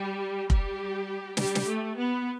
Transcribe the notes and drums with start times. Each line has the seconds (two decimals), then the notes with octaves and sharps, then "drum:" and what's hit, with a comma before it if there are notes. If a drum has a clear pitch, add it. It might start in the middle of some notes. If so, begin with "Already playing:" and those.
Already playing: G3 G4
0.50 G3 G4, drum: kick F1
1.37 G3 G4, drum: snare
1.55 drum: snare
1.66 A3
1.95 B3